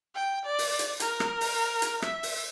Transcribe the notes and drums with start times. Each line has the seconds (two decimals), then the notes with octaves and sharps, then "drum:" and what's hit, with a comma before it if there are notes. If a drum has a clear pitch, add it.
0.15 G5
0.45 D5
0.58 drum: open hi-hat
0.79 drum: hi-hat
1.00 A#4, drum: hi-hat
1.20 drum: rim click
1.41 drum: open hi-hat
1.82 drum: hi-hat
2.02 E5, drum: rim click
2.23 drum: open hi-hat